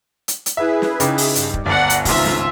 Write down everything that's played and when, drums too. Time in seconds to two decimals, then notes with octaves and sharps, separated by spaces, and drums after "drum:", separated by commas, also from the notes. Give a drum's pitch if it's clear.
0.28 drum: hi-hat
0.46 drum: hi-hat
0.57 E4 G#4 B4 E5
0.82 drum: snare
1.00 C#3 D#4 G5 D6, drum: hi-hat
1.18 drum: open hi-hat
1.35 G2, drum: hi-hat
1.54 drum: kick
1.66 G1 D2 D5 F#5 A#5
1.90 drum: hi-hat
2.05 G#1 C#2 F4 E5, drum: kick, open hi-hat
2.26 drum: snare